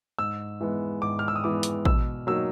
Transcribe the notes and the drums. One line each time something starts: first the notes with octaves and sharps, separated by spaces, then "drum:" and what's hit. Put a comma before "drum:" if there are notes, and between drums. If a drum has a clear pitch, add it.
G#2 E6
E3 G#3 B3
G#2 D6
F6
E6
D#6
E3 G#3 B3 D6
drum: hi-hat
B2 E6, drum: kick A1
F#3 A#3 D#4 E6